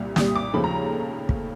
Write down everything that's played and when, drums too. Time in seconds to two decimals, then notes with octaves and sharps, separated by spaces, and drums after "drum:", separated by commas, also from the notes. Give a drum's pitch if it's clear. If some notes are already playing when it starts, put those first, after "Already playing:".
Already playing: C2 A#2 G3
0.16 C2 A#2 G3 D#6, drum: snare
0.35 D6
0.53 D#2 C#3 F3 A3 B5
0.64 A#5
1.29 drum: kick